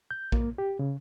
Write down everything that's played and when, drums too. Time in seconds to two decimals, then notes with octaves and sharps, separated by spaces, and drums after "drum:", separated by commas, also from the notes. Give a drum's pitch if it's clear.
0.11 G6
0.32 A#3, drum: kick A#1
0.58 G4
0.79 C#3